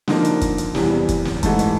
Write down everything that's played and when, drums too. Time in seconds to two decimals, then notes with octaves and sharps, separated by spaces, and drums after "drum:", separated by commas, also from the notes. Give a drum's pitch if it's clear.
0.08 D3 F3 A#3 D#4, drum: snare
0.25 drum: hi-hat
0.41 drum: kick, hi-hat
0.58 drum: hi-hat
0.75 E2 C3 E3 G3, drum: snare
1.09 drum: kick, hi-hat
1.25 drum: snare
1.43 G#2 E3 A3, drum: kick, hi-hat
1.59 drum: hi-hat